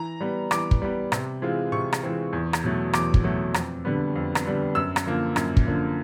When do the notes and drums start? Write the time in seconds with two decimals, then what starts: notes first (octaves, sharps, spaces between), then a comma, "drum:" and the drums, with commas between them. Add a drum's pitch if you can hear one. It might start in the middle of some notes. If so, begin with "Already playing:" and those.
Already playing: E3 A#5
0.21 G3 B3
0.51 E3 D6, drum: rim click
0.71 drum: kick
0.82 G3 B3
1.12 C3, drum: rim click
1.42 E3 G#3 C4 F4
1.72 C3 C#6
1.93 drum: rim click
2.03 E3 G#3 C4 F4
2.33 E2
2.53 drum: rim click
2.64 B2 F#3 A3
2.93 E2 D6, drum: rim click
3.14 drum: kick
3.24 B2 F#3 A3
3.54 F2, drum: rim click
3.85 D3 G3 B3
4.16 F2
4.35 drum: rim click
4.45 D3 G3 B3
4.75 F#2 E6
4.96 drum: rim click
5.06 D3 F3 A#3
5.36 F#2, drum: rim click
5.57 drum: kick
5.67 D3 F3 A#3